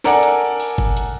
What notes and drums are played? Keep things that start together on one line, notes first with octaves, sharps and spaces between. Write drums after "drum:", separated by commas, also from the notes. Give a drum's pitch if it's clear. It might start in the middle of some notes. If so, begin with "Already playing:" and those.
A4 A#4 D5 F#5 G#5, drum: snare
drum: hi-hat
drum: open hi-hat
drum: kick G1
drum: hi-hat